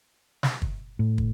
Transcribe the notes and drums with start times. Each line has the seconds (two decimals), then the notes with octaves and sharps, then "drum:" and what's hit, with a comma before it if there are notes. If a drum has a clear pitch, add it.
0.43 drum: snare
0.62 drum: kick
0.99 A2
1.18 drum: kick